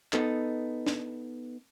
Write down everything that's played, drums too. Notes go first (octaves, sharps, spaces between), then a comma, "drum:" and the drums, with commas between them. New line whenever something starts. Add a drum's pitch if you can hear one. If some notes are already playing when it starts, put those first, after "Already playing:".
B3 D#4 A4, drum: clap
drum: snare